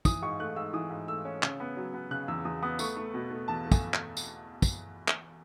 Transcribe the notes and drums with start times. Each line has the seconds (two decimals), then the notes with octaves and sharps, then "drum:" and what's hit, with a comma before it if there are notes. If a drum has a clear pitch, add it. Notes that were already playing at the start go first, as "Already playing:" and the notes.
0.05 E3 D#6, drum: kick, tambourine
0.22 G#2 C#6
0.40 A3 F#6
0.56 G#2 E6
0.73 E3 D#6
0.90 G#2
1.08 A3 E6
1.25 C#4
1.43 C#3, drum: clap
1.60 B3
1.77 F#3
1.94 B3
2.11 C#3 F#6
2.28 E2 E6
2.45 E2 D#6
2.62 B3 D#6
2.79 A3 C#6, drum: tambourine
2.97 A3
3.14 B2
3.31 A3
3.48 E2 A5
3.66 A3
3.72 G#5, drum: kick, tambourine
3.94 drum: clap
4.17 drum: tambourine
4.62 drum: kick, tambourine
5.08 drum: clap